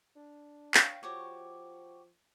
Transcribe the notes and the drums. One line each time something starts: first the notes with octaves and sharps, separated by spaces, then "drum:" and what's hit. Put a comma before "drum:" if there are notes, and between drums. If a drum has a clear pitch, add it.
D4
C#5 F5 G5, drum: clap
F3 F#4 G4 C#5